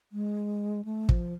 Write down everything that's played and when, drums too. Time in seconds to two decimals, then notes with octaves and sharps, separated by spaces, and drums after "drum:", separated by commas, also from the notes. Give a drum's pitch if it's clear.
0.12 G#3
0.85 A3
1.09 F3, drum: kick